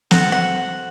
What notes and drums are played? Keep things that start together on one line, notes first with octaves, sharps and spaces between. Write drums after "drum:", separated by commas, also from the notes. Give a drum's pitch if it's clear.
F#4 A4 C5 F#5, drum: snare
F#5